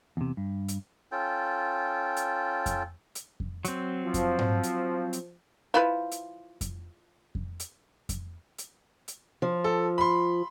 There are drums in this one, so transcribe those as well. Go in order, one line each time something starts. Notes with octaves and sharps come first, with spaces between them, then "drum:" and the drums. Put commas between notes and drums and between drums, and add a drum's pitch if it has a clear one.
E2 C3
G2
drum: hi-hat
C#4 F4 A4 G5
drum: hi-hat
drum: kick F2, hi-hat
drum: hi-hat
drum: kick F2
F#3 C4, drum: hi-hat
F3
drum: kick F2, hi-hat
drum: tom G#2
drum: hi-hat
drum: hi-hat
F3 E4 B4
drum: hi-hat
drum: kick F2, hi-hat
drum: kick F2
drum: hi-hat
drum: kick F2, hi-hat
drum: hi-hat
drum: hi-hat
F3
A4
B5 C6